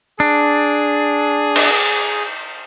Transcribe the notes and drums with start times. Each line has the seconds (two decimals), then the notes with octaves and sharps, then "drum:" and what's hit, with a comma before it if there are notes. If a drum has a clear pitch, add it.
0.20 D4 G#4
1.56 drum: cymbal